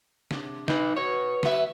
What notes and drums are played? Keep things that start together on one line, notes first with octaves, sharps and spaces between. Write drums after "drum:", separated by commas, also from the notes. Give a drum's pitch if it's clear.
C3 D4, drum: snare
D#4 B4, drum: snare
B2 C#5
F#3 B3 E5, drum: snare